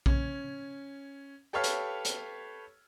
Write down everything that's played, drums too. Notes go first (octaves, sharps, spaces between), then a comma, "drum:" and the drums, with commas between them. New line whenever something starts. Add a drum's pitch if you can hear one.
C#4, drum: kick A#1
G4 A4 B4 C#5 F5 F6
drum: hi-hat
drum: hi-hat